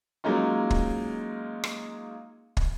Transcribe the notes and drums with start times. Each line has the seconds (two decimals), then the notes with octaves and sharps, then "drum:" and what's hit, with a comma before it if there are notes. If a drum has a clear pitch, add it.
0.24 F#3 G#3 A#3 C#4 D#4 F4
0.70 drum: kick
1.64 drum: rim click
2.57 drum: kick